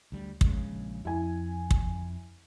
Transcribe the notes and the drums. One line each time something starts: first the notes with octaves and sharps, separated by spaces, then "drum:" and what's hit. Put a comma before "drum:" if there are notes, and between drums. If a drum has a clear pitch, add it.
D2 G3
A#1 C#3 G#3, drum: kick
F2 E4 G#5
drum: kick